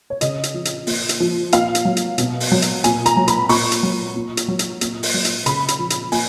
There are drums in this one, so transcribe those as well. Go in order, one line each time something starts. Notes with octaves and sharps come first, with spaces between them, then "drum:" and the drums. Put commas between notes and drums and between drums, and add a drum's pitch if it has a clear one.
C#5
C#3 D#5, drum: hi-hat
drum: hi-hat
F3
drum: hi-hat
A#2, drum: open hi-hat
drum: hi-hat
F3
A#2 F5, drum: hi-hat
drum: hi-hat
F#3
drum: hi-hat
B2, drum: hi-hat
drum: open hi-hat
F#3
drum: hi-hat
A#2 G#5, drum: hi-hat
A#5, drum: hi-hat
F#3
B5, drum: hi-hat
A#2 C#6, drum: open hi-hat
drum: hi-hat
F#3
A#2
drum: hi-hat
F#3
drum: hi-hat
A#2, drum: hi-hat
drum: open hi-hat
F#3
drum: hi-hat
C#3 B5, drum: hi-hat
drum: hi-hat
F3
drum: hi-hat
A#2 G#5, drum: open hi-hat